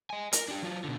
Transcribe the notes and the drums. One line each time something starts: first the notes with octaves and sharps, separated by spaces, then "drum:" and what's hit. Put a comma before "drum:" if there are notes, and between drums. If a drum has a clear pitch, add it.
D#5 G#5
A#4, drum: hi-hat
D4 G4
F#3 F4
B2 D3